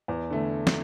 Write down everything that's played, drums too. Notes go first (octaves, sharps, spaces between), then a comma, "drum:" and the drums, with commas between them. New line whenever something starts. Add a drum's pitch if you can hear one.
E2
D3 A3
drum: snare